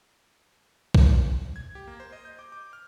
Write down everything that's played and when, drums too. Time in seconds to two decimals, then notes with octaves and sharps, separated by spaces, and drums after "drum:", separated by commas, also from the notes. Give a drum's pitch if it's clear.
0.95 drum: kick
1.56 G#6
1.75 G4
1.87 A#3
2.00 C5
2.12 D#5
2.25 G6
2.39 D6
2.52 D6
2.73 F6